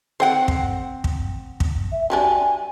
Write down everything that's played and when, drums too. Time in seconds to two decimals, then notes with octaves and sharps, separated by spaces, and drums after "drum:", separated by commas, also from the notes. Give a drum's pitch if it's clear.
0.20 C4 C5 F#5 G5
0.48 drum: kick
1.04 drum: kick
1.60 drum: kick
1.92 E5
2.10 F#3 G3 D4 G#5